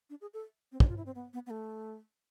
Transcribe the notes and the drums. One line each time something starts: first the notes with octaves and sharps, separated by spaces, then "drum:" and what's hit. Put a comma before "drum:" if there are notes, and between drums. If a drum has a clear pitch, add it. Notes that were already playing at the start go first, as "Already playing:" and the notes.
D4
G#4
A4
C4
D4, drum: kick
F4
E4
C4
B3
B3
B3
A3